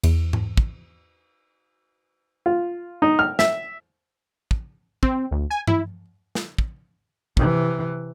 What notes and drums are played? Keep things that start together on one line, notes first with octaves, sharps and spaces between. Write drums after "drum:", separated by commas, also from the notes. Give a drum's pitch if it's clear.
E2, drum: cymbal
drum: tom G#2
drum: kick
F4
D#4
F6
E5, drum: snare
drum: kick
C4, drum: kick
D2
G#5
E4, drum: tom G2
drum: snare
drum: kick
C3 E3, drum: kick